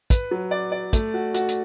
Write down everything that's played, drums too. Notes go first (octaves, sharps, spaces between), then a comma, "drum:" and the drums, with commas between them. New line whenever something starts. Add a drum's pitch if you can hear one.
B4, drum: kick, hi-hat
F#3
D5
D5
A3, drum: kick, hi-hat
F#4
F#4, drum: hi-hat
drum: hi-hat